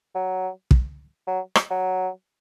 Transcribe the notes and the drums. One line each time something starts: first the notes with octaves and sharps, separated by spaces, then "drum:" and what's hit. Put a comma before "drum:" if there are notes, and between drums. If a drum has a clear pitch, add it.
F#3
drum: kick
F#3
drum: rim click
F#3